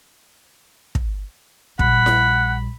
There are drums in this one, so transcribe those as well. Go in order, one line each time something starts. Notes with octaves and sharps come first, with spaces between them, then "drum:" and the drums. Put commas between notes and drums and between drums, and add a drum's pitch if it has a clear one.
drum: kick
A#1 G3 F#5 B5, drum: kick
drum: snare E4